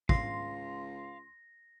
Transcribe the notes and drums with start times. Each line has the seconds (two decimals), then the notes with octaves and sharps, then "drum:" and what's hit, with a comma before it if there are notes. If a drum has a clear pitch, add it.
0.09 C#2 F5 C6 A#6, drum: kick